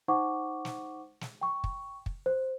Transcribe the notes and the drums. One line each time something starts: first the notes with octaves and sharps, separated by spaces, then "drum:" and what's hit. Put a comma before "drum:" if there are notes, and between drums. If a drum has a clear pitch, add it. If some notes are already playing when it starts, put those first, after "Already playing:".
D#4 C5 F#5 C#6 D6
drum: snare
drum: snare
G5 C#6
drum: kick
drum: kick
C5